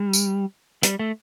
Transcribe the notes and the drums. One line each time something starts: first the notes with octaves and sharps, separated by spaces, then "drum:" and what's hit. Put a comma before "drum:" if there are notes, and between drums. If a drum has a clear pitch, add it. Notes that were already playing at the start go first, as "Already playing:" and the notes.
Already playing: G3
drum: tambourine
G3, drum: hi-hat
A3